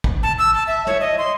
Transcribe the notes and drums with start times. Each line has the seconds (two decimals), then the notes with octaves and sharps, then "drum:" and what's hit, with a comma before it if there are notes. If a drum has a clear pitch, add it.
0.04 drum: kick
0.23 A5
0.39 E6
0.54 A5
0.67 E5
0.87 C#5, drum: tom
1.01 D#5
1.18 C6